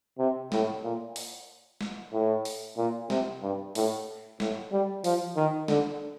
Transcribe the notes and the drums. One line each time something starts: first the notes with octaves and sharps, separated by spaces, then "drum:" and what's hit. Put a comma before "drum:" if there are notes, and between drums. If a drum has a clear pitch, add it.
C3
A2, drum: snare
A#2
drum: open hi-hat
drum: snare
A2
drum: open hi-hat
A#2
C3, drum: snare
G2
A2, drum: open hi-hat
A2, drum: snare
G3
F3, drum: open hi-hat
D#3
D3, drum: snare